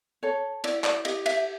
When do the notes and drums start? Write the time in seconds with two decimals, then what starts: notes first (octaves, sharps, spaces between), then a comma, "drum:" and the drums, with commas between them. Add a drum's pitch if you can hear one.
0.23 A4 C#5
0.64 E4 D5, drum: cymbal
0.84 D5, drum: clap
1.05 G4 D#5, drum: cymbal
1.26 E5, drum: cymbal